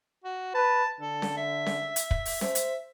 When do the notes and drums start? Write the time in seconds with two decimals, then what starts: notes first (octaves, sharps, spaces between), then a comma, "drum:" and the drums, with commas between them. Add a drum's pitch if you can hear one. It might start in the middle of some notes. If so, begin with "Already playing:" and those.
0.24 F#4
0.54 B4 A5
1.00 D3 A4
1.22 drum: snare C#4
1.37 E5
1.66 drum: snare C#4
1.96 drum: hi-hat
2.11 drum: kick
2.25 drum: open hi-hat
2.41 C5 E5, drum: snare C#4
2.55 drum: hi-hat